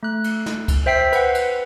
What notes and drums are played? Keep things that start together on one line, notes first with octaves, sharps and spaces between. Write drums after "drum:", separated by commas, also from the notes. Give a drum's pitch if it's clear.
A3 F#6
drum: cymbal
drum: snare
drum: kick C#2, cymbal
C5 E5 G5 B6 C7
B4 F#5, drum: cymbal
drum: cymbal